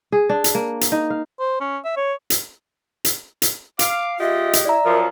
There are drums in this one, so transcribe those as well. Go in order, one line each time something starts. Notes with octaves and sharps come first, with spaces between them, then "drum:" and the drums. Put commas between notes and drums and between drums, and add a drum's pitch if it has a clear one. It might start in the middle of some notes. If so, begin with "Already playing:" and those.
G#4
D4
drum: hi-hat
A#3
drum: hi-hat
D#4
F5
C5
C#4
E5
C#5
drum: hi-hat
drum: hi-hat
drum: hi-hat
F5 D6, drum: hi-hat
G#3 F4 G4 D#5 E5
drum: hi-hat
E4 D5 E5 A#5
F#2 F3 A#4